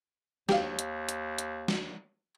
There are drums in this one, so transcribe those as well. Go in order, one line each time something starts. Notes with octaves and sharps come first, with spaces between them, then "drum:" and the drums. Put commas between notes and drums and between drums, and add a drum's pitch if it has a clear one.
D#2 G4 F5, drum: snare
drum: hi-hat
drum: hi-hat
drum: hi-hat
drum: snare